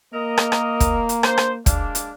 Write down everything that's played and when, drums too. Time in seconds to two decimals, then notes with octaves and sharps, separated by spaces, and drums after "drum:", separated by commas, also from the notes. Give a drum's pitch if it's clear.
0.14 A#3 A#4 D#5
0.38 drum: rim click
0.52 drum: rim click
0.80 drum: kick, hi-hat
1.09 drum: hi-hat
1.23 D4 G4 C5, drum: rim click
1.38 drum: rim click
1.66 G#3 A#3 D4, drum: kick, hi-hat
1.95 drum: hi-hat